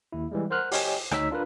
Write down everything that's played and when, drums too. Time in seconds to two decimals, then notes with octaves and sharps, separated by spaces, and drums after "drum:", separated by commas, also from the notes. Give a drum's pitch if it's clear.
0.12 D#2 E4
0.31 E3 G3 G#3
0.50 A#4 C5 F#5 C6 F6 F#6
0.72 G4 C#5 D#5 G5 G#5, drum: open hi-hat
1.11 D2 D#4 C#5 E6 B6, drum: rim click
1.31 D4 F4 A#4 B4